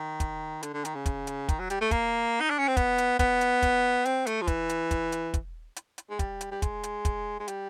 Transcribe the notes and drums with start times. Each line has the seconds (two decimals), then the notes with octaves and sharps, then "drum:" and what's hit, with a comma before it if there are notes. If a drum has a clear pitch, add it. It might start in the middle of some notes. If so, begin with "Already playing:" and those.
Already playing: D#3
0.20 drum: kick, hi-hat
0.63 D3, drum: hi-hat
0.74 D3
0.85 D#3, drum: hi-hat
0.95 C#3
1.06 drum: kick, hi-hat
1.27 drum: hi-hat
1.49 D#3, drum: kick, hi-hat
1.59 F#3
1.70 G3, drum: hi-hat
1.81 A3
1.91 A#3, drum: kick, hi-hat
2.40 D#4
2.50 D4
2.58 C#4
2.68 C4
2.77 B3, drum: kick, hi-hat
2.98 drum: hi-hat
3.19 B3, drum: kick, hi-hat
3.41 drum: hi-hat
3.62 drum: kick, hi-hat
4.05 C4, drum: hi-hat
4.27 A3, drum: hi-hat
4.42 F3
4.47 E3, drum: kick, hi-hat
4.69 drum: hi-hat
4.91 drum: kick, hi-hat
5.12 drum: hi-hat
5.34 drum: kick, hi-hat
5.76 drum: hi-hat
5.98 drum: hi-hat
6.10 G#3
6.19 G3, drum: kick, hi-hat
6.41 drum: hi-hat
6.51 G3
6.62 G#3, drum: kick, hi-hat
6.83 drum: hi-hat
7.05 drum: kick, hi-hat
7.40 G#3
7.48 G3, drum: hi-hat